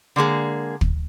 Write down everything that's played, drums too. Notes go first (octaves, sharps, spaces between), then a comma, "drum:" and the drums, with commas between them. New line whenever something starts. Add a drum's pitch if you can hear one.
D3 G#3 A#3 G#4
drum: kick